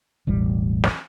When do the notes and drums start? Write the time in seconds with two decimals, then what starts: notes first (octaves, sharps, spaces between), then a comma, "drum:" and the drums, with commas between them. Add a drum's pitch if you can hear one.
0.27 E1 A1 G3
0.84 drum: snare